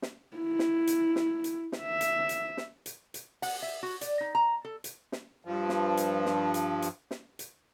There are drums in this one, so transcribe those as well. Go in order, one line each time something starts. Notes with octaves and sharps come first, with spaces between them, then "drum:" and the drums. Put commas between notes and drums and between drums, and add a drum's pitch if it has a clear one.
drum: snare
E4
drum: snare
drum: hi-hat
drum: snare
drum: hi-hat
drum: snare
E5
drum: hi-hat
drum: hi-hat
drum: snare
drum: hi-hat
drum: hi-hat
F#5, drum: open hi-hat
E5
F#4
D5, drum: hi-hat
D#4
A#5
A4
drum: hi-hat
drum: snare
G2 F3
drum: snare
drum: hi-hat
drum: snare
drum: hi-hat
drum: hi-hat
drum: snare
drum: hi-hat